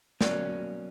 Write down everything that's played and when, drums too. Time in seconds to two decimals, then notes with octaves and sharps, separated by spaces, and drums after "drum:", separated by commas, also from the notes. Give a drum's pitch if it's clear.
0.21 B2 F#3 A#3 C#4 D5, drum: snare